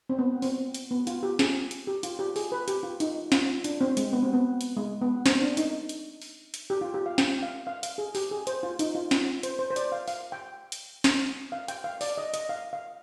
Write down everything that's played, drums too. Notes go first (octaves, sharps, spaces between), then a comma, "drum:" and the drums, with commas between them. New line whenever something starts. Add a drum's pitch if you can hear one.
C4
B3
C4, drum: open hi-hat
drum: hi-hat
B3
F4, drum: hi-hat
G4
G#4, drum: snare
drum: hi-hat
G4
F4, drum: hi-hat
G4
G#4, drum: open hi-hat
B4
G4, drum: hi-hat
F4
D#4, drum: hi-hat
F4, drum: snare
D4, drum: hi-hat
C4
G#3, drum: hi-hat
B3
C4
B3
drum: hi-hat
G#3
B3
C4, drum: snare
D4
D#4, drum: hi-hat
drum: hi-hat
drum: open hi-hat
drum: hi-hat
G4
F4
G4
F5
G5, drum: snare
F5
F5
F5, drum: hi-hat
G#4
G4, drum: open hi-hat
G#4
C5, drum: hi-hat
F4
D#4, drum: hi-hat
F4
drum: snare
C5, drum: hi-hat
C5
C5
D5, drum: hi-hat
F5
F5, drum: open hi-hat
G5
drum: hi-hat
drum: snare
F5
G5, drum: hi-hat
F5
D5, drum: open hi-hat
D#5
D#5, drum: hi-hat
F5
F5